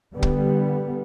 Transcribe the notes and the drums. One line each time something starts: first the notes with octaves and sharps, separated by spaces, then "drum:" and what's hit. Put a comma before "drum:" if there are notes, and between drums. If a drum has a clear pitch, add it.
D3 G3 B3
drum: kick